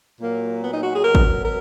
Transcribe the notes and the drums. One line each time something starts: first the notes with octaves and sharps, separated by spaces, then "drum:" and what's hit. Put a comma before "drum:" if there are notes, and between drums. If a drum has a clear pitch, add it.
A#2 F#3 A#3
B3
D#4
F#4
G#4
B2 F#3 A#4
drum: kick G#1
A#4